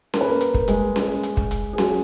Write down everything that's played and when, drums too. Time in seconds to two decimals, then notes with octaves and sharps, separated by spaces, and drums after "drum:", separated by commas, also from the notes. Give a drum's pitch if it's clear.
0.14 A#4, drum: snare C#4
0.21 B4
0.28 A#3 A#4
0.41 drum: hi-hat
0.54 drum: kick
0.68 G#3 G#4, drum: hi-hat
0.96 drum: snare C#4
1.23 drum: hi-hat
1.37 drum: kick
1.51 drum: hi-hat
1.73 G#4
1.78 F#3 F#4, drum: snare C#4